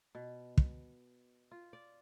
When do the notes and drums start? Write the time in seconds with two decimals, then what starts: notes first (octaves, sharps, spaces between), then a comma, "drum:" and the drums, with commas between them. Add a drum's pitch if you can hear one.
0.15 B2
0.58 drum: kick
1.51 F4
1.73 D5